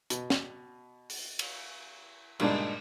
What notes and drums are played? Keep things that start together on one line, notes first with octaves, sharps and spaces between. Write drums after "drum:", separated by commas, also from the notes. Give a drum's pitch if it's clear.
B2, drum: hi-hat
drum: snare
drum: open hi-hat
drum: cymbal
G2 A#2 G3 G#3 D4 D#4, drum: cymbal